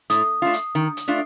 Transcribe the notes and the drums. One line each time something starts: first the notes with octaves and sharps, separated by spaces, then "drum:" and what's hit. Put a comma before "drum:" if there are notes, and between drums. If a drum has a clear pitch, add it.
A2 D#6, drum: hi-hat
A3 D4 F4
drum: hi-hat
D#3
drum: hi-hat
A3 D4 F4